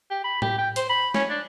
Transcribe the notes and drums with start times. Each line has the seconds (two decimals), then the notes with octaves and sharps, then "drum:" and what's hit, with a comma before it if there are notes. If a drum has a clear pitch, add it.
0.10 G4
0.24 B5
0.42 G4, drum: tom A2
0.58 G5
0.76 C5, drum: hi-hat
0.89 B5
1.14 C#4, drum: snare G#3
1.30 D4